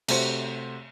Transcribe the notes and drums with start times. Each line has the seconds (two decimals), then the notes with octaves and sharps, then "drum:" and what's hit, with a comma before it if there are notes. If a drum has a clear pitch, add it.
0.08 C3 A3 F#4 C5 C#7, drum: cymbal